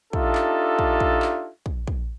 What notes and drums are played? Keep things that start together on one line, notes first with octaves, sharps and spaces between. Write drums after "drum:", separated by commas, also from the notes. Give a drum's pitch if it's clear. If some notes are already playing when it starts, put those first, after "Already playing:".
D4 D#4 F4 G4 A4 E5, drum: kick
drum: clap
drum: kick
drum: kick
drum: clap
drum: kick
drum: kick